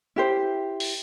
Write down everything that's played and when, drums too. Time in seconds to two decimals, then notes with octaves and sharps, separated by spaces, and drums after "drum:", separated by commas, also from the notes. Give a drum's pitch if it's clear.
0.16 E4 G4 C5
0.80 drum: open hi-hat